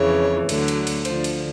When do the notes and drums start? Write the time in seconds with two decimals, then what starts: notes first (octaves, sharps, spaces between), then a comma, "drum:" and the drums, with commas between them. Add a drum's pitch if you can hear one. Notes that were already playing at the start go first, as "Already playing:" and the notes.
Already playing: F2 C#3 E3 C#5
0.49 D2 D3 F#3, drum: cymbal
0.68 drum: cymbal
0.87 drum: cymbal
1.05 D2 D3 F3 C5, drum: cymbal
1.24 drum: cymbal